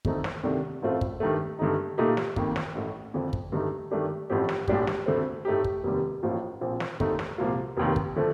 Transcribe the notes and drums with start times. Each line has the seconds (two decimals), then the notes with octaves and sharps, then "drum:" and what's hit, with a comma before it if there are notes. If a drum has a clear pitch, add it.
0.05 F2 D3 A3 C4 D#4, drum: kick
0.24 drum: snare
0.43 C2 C3 D#3 A3 D4
0.82 A1 A2 A3 C4 F4
1.01 drum: kick
1.20 G2 D#3 A3
1.59 G2 D3 A3 D#4
1.98 A#2 A3 D#4 G4
2.17 drum: snare
2.36 F2 D#3 A#3, drum: kick
2.56 drum: snare
2.75 A1 A2 A3
3.14 F2 D3 F3
3.33 drum: kick
3.52 G2 D3 A3 D#4
3.91 G2 D#3 A3 D4 G4
4.30 A1 A2 F3 C4 G4
4.49 drum: snare
4.68 A#1 A2 G3 D4 G4, drum: kick
4.87 drum: snare
5.06 D2 D3 A3 C4
5.45 A2 A3 D#4 G4
5.64 drum: kick
5.83 F1 D#2 D#3 G3
6.23 A1 A2 F3 A#3 F4
6.61 A#1 A#2 F3 C4
6.80 drum: snare
7.00 D#2 D3 A3 D#4, drum: kick
7.19 drum: snare
7.38 C2 A#2 F3 A#3 F4
7.77 F1 D#2 D#3
7.96 drum: kick
8.16 D3 F3 A3